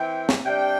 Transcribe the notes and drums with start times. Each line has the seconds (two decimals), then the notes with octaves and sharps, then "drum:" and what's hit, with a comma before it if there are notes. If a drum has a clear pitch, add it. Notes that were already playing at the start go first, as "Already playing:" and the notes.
Already playing: E3 C4 G5
0.29 drum: snare
0.44 C3 G3 D4 G5